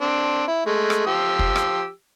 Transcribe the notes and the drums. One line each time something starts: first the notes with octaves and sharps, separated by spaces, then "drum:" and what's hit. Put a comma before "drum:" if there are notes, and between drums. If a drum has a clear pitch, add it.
C4 D4
E4
G#3 A3
drum: rim click
F3 G4 E6
drum: kick
drum: rim click